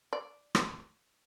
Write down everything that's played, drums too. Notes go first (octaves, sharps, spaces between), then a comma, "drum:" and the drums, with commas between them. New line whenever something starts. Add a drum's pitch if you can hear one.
D5
drum: rim click